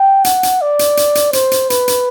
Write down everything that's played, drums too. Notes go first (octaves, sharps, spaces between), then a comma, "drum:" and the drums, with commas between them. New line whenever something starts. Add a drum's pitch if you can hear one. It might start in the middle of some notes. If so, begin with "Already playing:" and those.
Already playing: G5
F#5, drum: hi-hat
drum: hi-hat
D5
drum: hi-hat
drum: hi-hat
drum: hi-hat
C5, drum: hi-hat
drum: hi-hat
B4, drum: hi-hat
drum: hi-hat